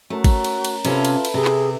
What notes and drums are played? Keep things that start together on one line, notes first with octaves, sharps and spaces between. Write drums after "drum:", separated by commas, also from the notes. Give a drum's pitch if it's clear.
A3 C#4 F#4 A#4
drum: kick G#1, cymbal
drum: cymbal
drum: cymbal
C3 C#4 E4 F4 A4 B4, drum: cymbal
drum: cymbal
drum: cymbal
C3 G#4
drum: clap